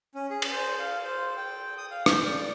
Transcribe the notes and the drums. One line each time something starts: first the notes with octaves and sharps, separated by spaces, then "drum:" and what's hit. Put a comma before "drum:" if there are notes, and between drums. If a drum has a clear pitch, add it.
C#4
G#4
drum: cymbal
C5
F5
C5
G5
D#6
F5
G6, drum: rim click
D5